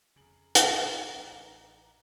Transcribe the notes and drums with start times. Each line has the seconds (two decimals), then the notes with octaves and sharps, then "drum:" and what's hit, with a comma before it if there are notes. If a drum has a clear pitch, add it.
0.16 F2 C#3 G#4 A#5 F#7
0.55 drum: hi-hat
0.77 G2 F#5 C#6
1.16 A1 E2 D#4 D5